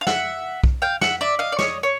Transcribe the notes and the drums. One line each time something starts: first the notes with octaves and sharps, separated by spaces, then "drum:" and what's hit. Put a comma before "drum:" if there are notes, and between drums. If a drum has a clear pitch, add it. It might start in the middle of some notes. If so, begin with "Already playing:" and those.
F5
E5 F#5, drum: snare
drum: kick B1
F5 G5
E5 F#5, drum: snare
D5 E5
D#5 F5
D5
C#5 D#5, drum: snare
C#5